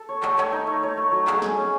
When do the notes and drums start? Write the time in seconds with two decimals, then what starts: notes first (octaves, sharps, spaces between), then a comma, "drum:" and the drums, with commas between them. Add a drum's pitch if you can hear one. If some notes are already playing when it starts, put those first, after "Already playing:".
Already playing: A4
0.09 C#5
0.23 A3, drum: clap
0.38 C#5, drum: clap
0.52 D#4
0.67 A3
0.83 C#5
0.98 A3
1.12 F#3
1.27 G#4, drum: clap
1.42 G#4, drum: snare
1.57 C#4